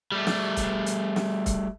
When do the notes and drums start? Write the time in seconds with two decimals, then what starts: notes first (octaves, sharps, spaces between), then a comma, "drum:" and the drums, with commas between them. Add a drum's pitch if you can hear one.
0.12 G3 A3
0.27 drum: snare
0.56 drum: kick, hi-hat
0.86 drum: hi-hat
1.16 drum: snare
1.46 drum: kick, hi-hat